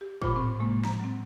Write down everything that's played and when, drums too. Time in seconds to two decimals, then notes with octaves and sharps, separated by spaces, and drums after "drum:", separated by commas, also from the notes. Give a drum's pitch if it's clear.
0.01 G4
0.22 A#2 F4 C5 B5 D6, drum: kick
0.36 A2 C4
0.60 A2 C3 G#3 A#3
0.85 A#5, drum: snare
1.00 F#3 C4